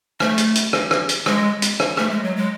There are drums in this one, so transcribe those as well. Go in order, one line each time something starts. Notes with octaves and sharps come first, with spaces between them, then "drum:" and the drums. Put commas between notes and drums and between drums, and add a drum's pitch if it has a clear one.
A3, drum: rim click
drum: hi-hat
drum: hi-hat
drum: rim click
drum: rim click
drum: hi-hat
G#3, drum: rim click
drum: hi-hat
drum: rim click
A3, drum: rim click
G#3
F#3
G#3